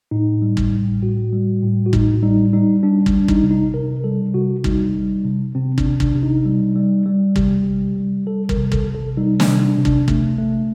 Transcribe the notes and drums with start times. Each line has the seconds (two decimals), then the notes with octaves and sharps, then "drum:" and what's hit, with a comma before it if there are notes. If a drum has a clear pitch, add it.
0.11 A2 D#4
0.42 G3
0.57 drum: kick
0.72 A2
1.02 A2 F#4
1.33 G3
1.63 A2
1.86 F#4
1.93 A2 D#4, drum: kick
2.23 G3 D#4
2.53 G3 D#4
2.83 G3 D4
3.06 D4, drum: kick
3.13 G3
3.28 D#4, drum: kick
3.43 C3
3.51 D#4
3.74 C3 A#4
4.04 G3 A4
4.34 C3 F#4
4.64 G3 D#4, drum: kick
4.95 G3
5.24 C3
5.55 C3 C4
5.78 D4, drum: kick
5.85 C3
6.00 D4, drum: kick
6.15 C3
6.23 D#4
6.46 G3
6.76 G3
7.06 G3
7.36 C3 G4, drum: kick
7.66 G3
7.96 G3
8.26 G3 A4
8.49 A#4, drum: kick
8.57 C3
8.72 A4, drum: kick
8.87 C3
8.95 A4
9.17 G3 D#4
9.40 D4, drum: snare
9.48 C3
9.63 D4
9.77 C3
9.85 D4, drum: kick
10.08 A3, drum: kick
10.38 A3